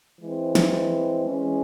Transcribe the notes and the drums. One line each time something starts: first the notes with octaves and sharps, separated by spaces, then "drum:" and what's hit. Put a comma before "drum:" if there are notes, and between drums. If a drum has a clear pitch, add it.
E3 G#3 C4
drum: snare
E3 G#3 C#4